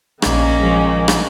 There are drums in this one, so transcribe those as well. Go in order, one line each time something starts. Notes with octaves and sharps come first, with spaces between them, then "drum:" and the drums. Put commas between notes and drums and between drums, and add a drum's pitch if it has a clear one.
A#1 D#3 A#3 C#4 G#6 B6, drum: rim click
F3 G#3
drum: rim click